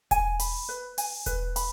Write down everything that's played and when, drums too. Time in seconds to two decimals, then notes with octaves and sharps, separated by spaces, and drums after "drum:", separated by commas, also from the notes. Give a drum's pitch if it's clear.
0.11 G#5, drum: kick E1, hi-hat
0.39 B5, drum: open hi-hat
0.69 B4
0.98 G#5, drum: open hi-hat
1.26 B4, drum: kick E1, hi-hat
1.56 B5, drum: open hi-hat